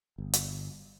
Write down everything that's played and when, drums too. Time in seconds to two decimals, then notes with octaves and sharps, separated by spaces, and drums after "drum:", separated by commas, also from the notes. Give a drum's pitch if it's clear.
0.18 G1
0.33 drum: hi-hat